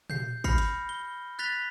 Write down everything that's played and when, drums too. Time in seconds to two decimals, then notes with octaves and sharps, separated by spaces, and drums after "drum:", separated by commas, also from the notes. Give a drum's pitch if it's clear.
0.10 G6 C7, drum: tom A#2
0.44 B5 F6 G6 A#6 C7 C#7, drum: kick
0.58 drum: hi-hat
0.89 G7
1.39 F#6 A6 B6 F7 G7